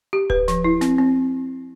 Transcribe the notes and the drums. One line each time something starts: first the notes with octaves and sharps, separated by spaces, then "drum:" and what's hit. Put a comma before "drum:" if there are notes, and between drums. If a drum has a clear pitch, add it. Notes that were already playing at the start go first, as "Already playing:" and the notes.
G4
B4, drum: kick D1
F3, drum: snare
E4
C4, drum: snare
C4